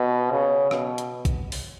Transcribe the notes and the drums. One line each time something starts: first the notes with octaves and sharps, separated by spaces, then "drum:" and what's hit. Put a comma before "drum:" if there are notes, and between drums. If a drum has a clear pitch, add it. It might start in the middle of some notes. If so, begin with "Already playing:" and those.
Already playing: B2
C#3
B2, drum: rim click
drum: hi-hat
drum: kick A#1, hi-hat
drum: open hi-hat